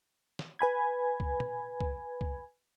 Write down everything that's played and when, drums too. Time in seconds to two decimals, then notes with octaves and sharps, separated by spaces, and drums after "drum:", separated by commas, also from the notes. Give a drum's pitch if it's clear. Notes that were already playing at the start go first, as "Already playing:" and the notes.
0.39 drum: snare
0.59 B4 G#5 B5 G#6
1.20 drum: kick
1.40 drum: tom
1.81 drum: kick
2.21 drum: kick